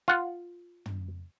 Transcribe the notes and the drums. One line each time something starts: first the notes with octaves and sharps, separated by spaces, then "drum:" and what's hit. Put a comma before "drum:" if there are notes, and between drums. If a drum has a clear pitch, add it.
F4 F#5
drum: tom